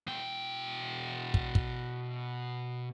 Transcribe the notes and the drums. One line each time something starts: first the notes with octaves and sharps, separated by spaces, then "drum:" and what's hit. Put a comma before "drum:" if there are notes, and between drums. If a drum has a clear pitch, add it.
B2 G5
drum: kick
drum: kick